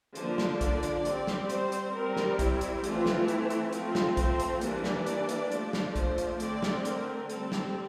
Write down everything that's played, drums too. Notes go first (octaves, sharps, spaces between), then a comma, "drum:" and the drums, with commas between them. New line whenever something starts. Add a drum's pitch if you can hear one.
D3 F3 A#3 D4 C5, drum: hi-hat
drum: snare
D5, drum: kick B1, hi-hat
drum: hi-hat
G3 C4, drum: hi-hat
drum: snare
C5, drum: hi-hat
drum: hi-hat
G3 C4 A#4
drum: snare
E4, drum: kick B1, hi-hat
drum: hi-hat
E3 A3 C4 F4, drum: hi-hat
drum: snare
E4, drum: hi-hat
drum: hi-hat
F3 A3 C4 F4, drum: hi-hat
drum: snare
C5, drum: kick B1, hi-hat
drum: hi-hat
E3 G3 A#3 D4 D5, drum: hi-hat
drum: snare
drum: hi-hat
drum: hi-hat
F3 A3 D4, drum: hi-hat
drum: snare
C5, drum: kick B1, hi-hat
drum: hi-hat
D3 A3 C4 D5, drum: hi-hat
drum: snare
A#4, drum: hi-hat
G3 C4 A4, drum: hi-hat
drum: snare